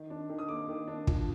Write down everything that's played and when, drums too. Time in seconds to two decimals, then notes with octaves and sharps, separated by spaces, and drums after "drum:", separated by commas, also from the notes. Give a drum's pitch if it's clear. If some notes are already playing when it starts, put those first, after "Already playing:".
Already playing: D#3
0.10 D4
0.29 D#3
0.38 D#6
0.48 A#3 D6
0.68 D#3
0.87 D4
1.07 F3, drum: kick